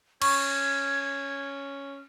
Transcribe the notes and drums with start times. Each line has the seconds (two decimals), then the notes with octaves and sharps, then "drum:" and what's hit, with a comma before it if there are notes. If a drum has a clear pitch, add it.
0.22 C#4 C#6 G#6, drum: cymbal